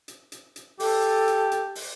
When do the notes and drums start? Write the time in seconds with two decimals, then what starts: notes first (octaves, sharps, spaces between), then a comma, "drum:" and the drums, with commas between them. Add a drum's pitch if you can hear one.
0.08 drum: hi-hat
0.32 drum: hi-hat
0.56 drum: hi-hat
0.80 G4 A4, drum: open hi-hat
1.28 drum: hi-hat
1.51 drum: hi-hat
1.75 drum: open hi-hat